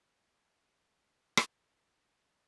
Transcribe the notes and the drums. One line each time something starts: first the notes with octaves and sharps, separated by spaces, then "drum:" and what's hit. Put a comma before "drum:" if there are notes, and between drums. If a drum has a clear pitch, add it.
F#4 G#4
drum: rim click
F#3